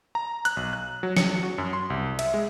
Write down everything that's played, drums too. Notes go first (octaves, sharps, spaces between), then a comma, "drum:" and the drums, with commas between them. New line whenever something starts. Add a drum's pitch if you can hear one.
A#5
F#6, drum: hi-hat
B1
F#6
F#3
C#7, drum: snare
F#4
F#2
C6
C2
E5, drum: cymbal
G#3